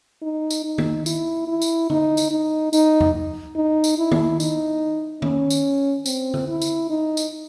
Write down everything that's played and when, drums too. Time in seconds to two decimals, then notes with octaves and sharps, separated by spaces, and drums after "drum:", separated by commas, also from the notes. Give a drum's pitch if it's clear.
0.22 D#4
0.50 drum: tambourine
0.65 D#4
0.78 drum: tom D#3
1.06 E4, drum: tambourine
1.48 E4
1.62 drum: tambourine
1.90 D#4, drum: tom D3
2.17 drum: tambourine
2.31 D#4
2.73 D#4, drum: tambourine
3.00 drum: tom E2
3.56 D#4
3.84 drum: tambourine
3.98 E4
4.12 drum: tom D#3
4.40 D#4, drum: tambourine
5.22 C#4, drum: tom D#3
5.50 drum: tambourine
6.06 C4, drum: tambourine
6.34 drum: tom D3
6.48 E4
6.62 drum: tambourine
6.90 D#4
7.17 drum: tambourine